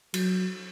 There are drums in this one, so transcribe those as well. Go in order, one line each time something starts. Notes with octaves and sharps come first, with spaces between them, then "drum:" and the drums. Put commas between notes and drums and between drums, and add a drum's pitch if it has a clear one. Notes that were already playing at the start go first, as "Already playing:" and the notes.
F#3, drum: cymbal